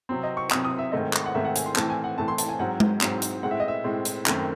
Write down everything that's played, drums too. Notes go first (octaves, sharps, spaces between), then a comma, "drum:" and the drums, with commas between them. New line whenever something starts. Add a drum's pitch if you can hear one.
C3 F#3 C4
D#5
C#6
C3 F#3 C4 D#6, drum: clap
D#6
E5
G#2 D#3 A3 C4 D#5
drum: clap
F#5
G#2 D#3 A3 C4 E5
F#5
G#5, drum: hi-hat
C6
A2 E3 A3 C4 A5, drum: clap
G#5
F#5
A2 E3 A3 C4 A5
C6
A5, drum: hi-hat
G#5
G#2 F#3 C4 F#5
drum: tom G#3
G#2 F#3 C4, drum: clap
drum: hi-hat
A2 G#3 C4 F#5
E5
D#5
E5
A2 G#3 C4
drum: hi-hat
F#2 D#3 A3 C4, drum: clap